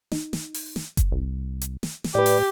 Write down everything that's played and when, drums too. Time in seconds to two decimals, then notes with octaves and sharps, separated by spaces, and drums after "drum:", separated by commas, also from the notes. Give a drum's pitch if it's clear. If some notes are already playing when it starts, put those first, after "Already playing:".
0.12 D#4, drum: snare
0.33 drum: snare
0.54 drum: open hi-hat
0.76 drum: snare
0.97 drum: kick F#1, hi-hat
1.12 C2
1.61 drum: hi-hat
1.83 drum: snare
2.04 drum: snare
2.15 A2 G4 B4 D5
2.26 drum: open hi-hat